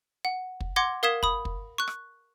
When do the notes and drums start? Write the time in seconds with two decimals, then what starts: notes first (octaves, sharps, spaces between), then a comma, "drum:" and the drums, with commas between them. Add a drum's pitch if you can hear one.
0.25 F#5
0.60 drum: kick
0.76 F#5 C6 D6 G#6 A#6
1.03 A#4 F5 D#6 G#6 B6 E7
1.23 B5 D#6, drum: kick
1.45 drum: kick
1.78 C#6 F#6
1.88 drum: rim click